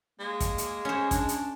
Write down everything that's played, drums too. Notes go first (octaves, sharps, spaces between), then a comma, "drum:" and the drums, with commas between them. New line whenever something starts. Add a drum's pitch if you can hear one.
G#3 A#3
drum: kick, hi-hat
drum: hi-hat
C#4 C5 C#5
D4, drum: kick, hi-hat
drum: hi-hat